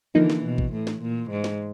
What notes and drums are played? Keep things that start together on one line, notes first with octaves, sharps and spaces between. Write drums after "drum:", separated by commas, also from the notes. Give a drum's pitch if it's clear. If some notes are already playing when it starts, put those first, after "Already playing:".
D3 E3 F3 A#3 D#4
drum: snare
B2
drum: kick G#1
A2
drum: snare
A#2
G#2
drum: snare